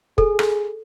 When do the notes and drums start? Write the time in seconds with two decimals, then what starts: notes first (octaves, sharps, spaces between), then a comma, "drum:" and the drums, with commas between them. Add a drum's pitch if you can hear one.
0.18 G#4 A4, drum: kick
0.39 drum: rim click